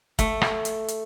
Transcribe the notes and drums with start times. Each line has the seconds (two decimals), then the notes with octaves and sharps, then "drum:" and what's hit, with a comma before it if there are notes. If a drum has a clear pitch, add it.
0.19 A3, drum: kick, hi-hat
0.41 drum: rim click
0.65 drum: hi-hat
0.88 drum: hi-hat